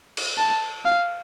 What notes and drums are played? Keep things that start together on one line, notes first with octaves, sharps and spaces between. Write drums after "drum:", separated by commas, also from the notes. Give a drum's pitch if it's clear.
drum: cymbal
A5
F5